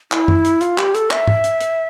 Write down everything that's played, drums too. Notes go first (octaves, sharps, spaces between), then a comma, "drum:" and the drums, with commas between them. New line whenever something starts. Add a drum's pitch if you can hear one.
E4, drum: clap
drum: tom F#2
drum: hi-hat
F4, drum: hi-hat
G4, drum: clap
A4, drum: hi-hat
E5, drum: clap
drum: tom G#2
drum: hi-hat
drum: hi-hat